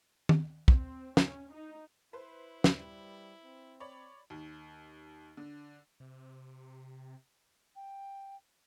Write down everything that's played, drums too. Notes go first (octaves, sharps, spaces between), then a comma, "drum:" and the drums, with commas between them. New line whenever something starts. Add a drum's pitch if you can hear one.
drum: tom
C4, drum: kick
C#4, drum: snare
D#4
E4 B4 C5
G3, drum: snare
C4
C#5 D5 B5
D#2
D3
C3
G5